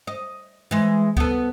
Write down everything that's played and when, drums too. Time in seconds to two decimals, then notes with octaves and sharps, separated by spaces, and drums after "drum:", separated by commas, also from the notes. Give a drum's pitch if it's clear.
0.07 D#5
0.71 E3 G#3
1.17 B3 A4, drum: kick C#2